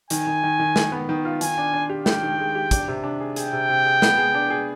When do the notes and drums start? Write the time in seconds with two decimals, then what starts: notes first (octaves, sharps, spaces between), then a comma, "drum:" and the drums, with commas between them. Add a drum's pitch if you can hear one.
0.10 D#3 G#5, drum: hi-hat
0.27 D#3
0.44 D#3
0.59 D#3
0.76 D#3, drum: snare
0.92 B3
1.09 D#3
1.25 F4
1.41 D#3 G#5, drum: hi-hat
1.58 D4
1.74 D4
1.89 G4
2.06 G4 G5, drum: snare
2.23 D#3
2.39 G#3
2.55 G4
2.71 D4, drum: kick, hi-hat
2.88 C3
3.04 D4
3.20 G#4
3.36 G#4 G5, drum: hi-hat
3.53 C3
3.69 C3
3.86 G#4
4.02 B3, drum: snare
4.18 G#4
4.34 D4
4.50 G#4